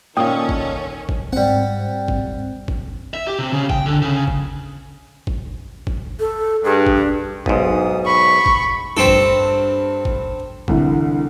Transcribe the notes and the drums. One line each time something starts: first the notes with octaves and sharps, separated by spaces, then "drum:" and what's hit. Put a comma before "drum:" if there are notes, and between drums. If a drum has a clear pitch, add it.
A#2 D#3 C#4 F4 A4 G5 D#6
drum: kick
drum: kick
G#2 G3 C4 F#5
drum: kick
drum: kick
E5
G4
C3
C#3
G5, drum: kick
D3
C#3
drum: kick
drum: kick
drum: kick
A4
G2 G#4
drum: kick
D4
B1 G#2 D#6, drum: kick
B5 C#6
drum: kick
G2 C4 A4 D7
drum: kick
drum: kick
C2 D3 E3, drum: kick